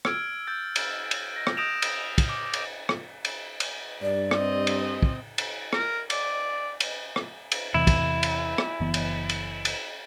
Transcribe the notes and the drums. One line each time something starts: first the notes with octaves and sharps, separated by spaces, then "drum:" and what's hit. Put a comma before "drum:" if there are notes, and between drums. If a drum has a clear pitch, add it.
E6 F6 G#6 D7, drum: rim click
E6 G6 A6
drum: cymbal
drum: cymbal
A#6
drum: rim click
D#6 G6 A#6 D7 E7 F7
drum: cymbal
drum: kick, cymbal
D6
drum: cymbal
drum: rim click
drum: cymbal
drum: cymbal
G2 D5
C4 D#5, drum: rim click
drum: cymbal
drum: kick
drum: cymbal
A#4, drum: rim click
D5, drum: cymbal
drum: cymbal
drum: rim click
drum: cymbal
E2 C3 E3 E4
drum: kick, cymbal
drum: cymbal
drum: rim click
F#1 E3 B3
drum: cymbal
drum: cymbal
drum: cymbal